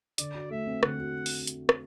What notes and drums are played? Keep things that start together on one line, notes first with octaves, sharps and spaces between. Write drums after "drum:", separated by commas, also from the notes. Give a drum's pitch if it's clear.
D3 D5, drum: hi-hat
F#4
A3 E5
C4
D3 F#5, drum: rim click
F#4
drum: open hi-hat
drum: hi-hat
drum: rim click